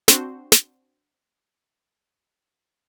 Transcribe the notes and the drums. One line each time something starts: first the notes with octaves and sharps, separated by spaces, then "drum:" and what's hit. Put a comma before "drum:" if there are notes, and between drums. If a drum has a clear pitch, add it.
C4 D4 F#4 C5, drum: snare
drum: snare